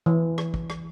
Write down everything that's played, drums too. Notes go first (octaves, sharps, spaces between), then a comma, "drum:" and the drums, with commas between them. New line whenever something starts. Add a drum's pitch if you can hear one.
E3
drum: rim click
drum: kick
drum: rim click